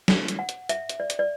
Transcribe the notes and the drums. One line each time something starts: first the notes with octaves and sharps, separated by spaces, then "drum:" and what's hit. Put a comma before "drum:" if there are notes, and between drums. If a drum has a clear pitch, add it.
drum: snare
drum: hi-hat
F#5
drum: hi-hat
E5, drum: hi-hat
drum: hi-hat
D5
drum: hi-hat
D5